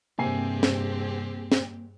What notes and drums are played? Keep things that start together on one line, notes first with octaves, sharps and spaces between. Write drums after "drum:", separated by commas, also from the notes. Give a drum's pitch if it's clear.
G2 C3 A#3 C4 G4 G#4 G#5 C7
drum: snare
drum: snare